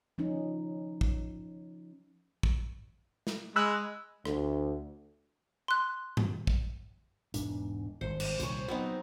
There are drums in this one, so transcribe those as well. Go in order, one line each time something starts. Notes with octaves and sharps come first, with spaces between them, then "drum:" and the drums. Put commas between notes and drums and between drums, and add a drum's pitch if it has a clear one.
F3 C#4 D#4
drum: kick
drum: kick
drum: snare
G#3 B5 E6 F#6
D2, drum: rim click
C6 F#6
drum: tom G2
drum: kick
E1 G#2 D4, drum: hi-hat
G#1 G2 G#3 C5
drum: cymbal
C2 A#2 D#3 C5 C#5, drum: hi-hat
F#3 B3 C4 D#4